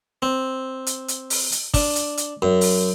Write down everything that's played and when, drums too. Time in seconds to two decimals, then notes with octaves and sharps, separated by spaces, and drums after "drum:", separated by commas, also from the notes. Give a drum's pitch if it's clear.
0.22 C4
0.87 drum: hi-hat
1.08 drum: hi-hat
1.30 drum: open hi-hat
1.52 drum: hi-hat
1.74 D4, drum: kick, open hi-hat
1.96 drum: hi-hat
2.17 drum: hi-hat
2.42 F#2
2.61 drum: open hi-hat